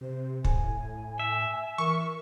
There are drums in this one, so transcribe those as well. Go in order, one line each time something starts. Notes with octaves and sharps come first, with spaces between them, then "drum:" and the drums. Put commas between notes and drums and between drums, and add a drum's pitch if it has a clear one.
C3 C5
A2 G#5, drum: kick
E5
E3 A#4 C#6